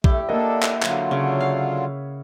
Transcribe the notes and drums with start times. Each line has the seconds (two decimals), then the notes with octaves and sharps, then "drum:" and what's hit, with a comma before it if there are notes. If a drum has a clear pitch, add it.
0.04 A3 E4 G4 D5, drum: kick A#1
0.29 A#3 D4 A4 D#5 F#5 D6
0.63 drum: clap
0.82 D3 F#3 F4, drum: clap
1.11 C#3 C#5 E5
1.40 F5